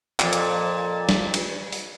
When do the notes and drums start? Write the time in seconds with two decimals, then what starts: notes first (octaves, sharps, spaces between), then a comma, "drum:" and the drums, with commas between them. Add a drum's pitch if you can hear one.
0.20 F2 A#2, drum: clap
0.33 drum: hi-hat
1.09 drum: snare
1.34 drum: cymbal
1.73 drum: open hi-hat